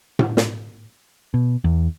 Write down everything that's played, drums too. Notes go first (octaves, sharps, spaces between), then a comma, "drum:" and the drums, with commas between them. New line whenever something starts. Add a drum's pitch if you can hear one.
drum: tom A2
drum: snare
B2
E2